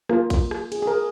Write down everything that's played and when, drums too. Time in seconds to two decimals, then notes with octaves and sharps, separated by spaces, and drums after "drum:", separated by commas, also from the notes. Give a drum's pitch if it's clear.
0.09 A#3 F4 A#4, drum: rim click
0.30 drum: kick A1, cymbal
0.51 drum: rim click
0.72 G#4, drum: cymbal
0.82 G#4
0.87 A#4